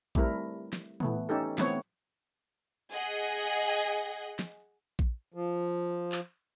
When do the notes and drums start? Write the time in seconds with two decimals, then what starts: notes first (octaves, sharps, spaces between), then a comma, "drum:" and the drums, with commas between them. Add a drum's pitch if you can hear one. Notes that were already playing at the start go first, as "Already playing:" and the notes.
0.15 G3 A3 C4 E4 A#4, drum: kick A#1
0.73 drum: snare
1.00 E3 A3 B3, drum: tom
1.29 C#4 D#4 G4 A4
1.58 E3 A3 B3 C4 C#5, drum: snare
2.92 G#4 D#5 F#5, drum: tambourine
4.39 drum: snare
4.99 drum: kick A#1
5.34 F3
6.12 drum: clap